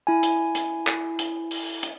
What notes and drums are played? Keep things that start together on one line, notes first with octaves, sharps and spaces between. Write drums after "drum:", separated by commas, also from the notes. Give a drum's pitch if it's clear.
E4 G#5
drum: hi-hat
drum: hi-hat
drum: clap
drum: hi-hat
drum: open hi-hat
drum: hi-hat